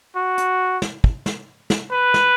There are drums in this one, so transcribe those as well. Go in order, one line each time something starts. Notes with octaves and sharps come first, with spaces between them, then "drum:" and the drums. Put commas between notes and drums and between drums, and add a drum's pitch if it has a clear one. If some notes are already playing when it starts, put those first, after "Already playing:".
F#4
drum: hi-hat
drum: snare
drum: kick
drum: snare
drum: snare
B4
drum: snare